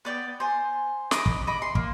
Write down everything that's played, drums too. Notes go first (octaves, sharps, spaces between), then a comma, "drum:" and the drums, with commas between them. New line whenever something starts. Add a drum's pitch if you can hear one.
B3 D5 G5
C5 G#5
D#5 A#5 B5 D6, drum: snare
drum: kick
D#5 B5 D6
C6
A#3, drum: kick